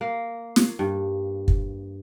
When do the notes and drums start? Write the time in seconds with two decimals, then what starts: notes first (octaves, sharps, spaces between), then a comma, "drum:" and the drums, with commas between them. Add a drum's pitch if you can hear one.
0.01 A#3
0.56 drum: snare
0.79 G2
1.48 drum: kick